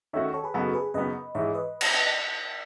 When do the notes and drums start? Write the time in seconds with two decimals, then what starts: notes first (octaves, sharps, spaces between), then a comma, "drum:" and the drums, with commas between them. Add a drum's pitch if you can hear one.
0.13 D#3 A3 C#4 F#4 C#5 E5
0.34 A4 C#5
0.44 G#4 B4
0.54 F#2 C#3 F#3 B3 D#4 F#4 A4
0.74 G#4 B4
0.94 F#2 C#3 F#3 B3 D#4 B4 D#5
1.35 G#2 E3 G#3 C#5 E5
1.55 B4 D#5
1.81 drum: cymbal